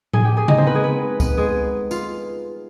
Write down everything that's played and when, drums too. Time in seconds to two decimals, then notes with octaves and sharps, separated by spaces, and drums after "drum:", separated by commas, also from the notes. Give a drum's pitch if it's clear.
0.14 G#4 G#5, drum: tom A2
0.24 G4 G5
0.37 G#4 G#5
0.48 D#4 D#5, drum: tom C#3
0.57 C4 C5
0.66 B3 B4
0.75 G#3 G#4
0.83 B3 B4
1.20 B3 B4, drum: kick C#2, tambourine
1.37 G#3 G#4
1.91 F4, drum: tambourine